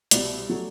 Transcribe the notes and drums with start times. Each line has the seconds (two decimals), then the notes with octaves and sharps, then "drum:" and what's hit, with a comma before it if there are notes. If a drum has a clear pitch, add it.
0.11 C2 B2 G3 D5, drum: hi-hat
0.49 F#3 A3